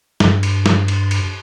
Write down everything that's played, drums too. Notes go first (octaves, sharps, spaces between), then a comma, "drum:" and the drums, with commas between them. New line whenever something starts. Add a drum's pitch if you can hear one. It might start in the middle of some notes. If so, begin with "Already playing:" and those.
G2, drum: snare
drum: cymbal
drum: snare
drum: cymbal
drum: cymbal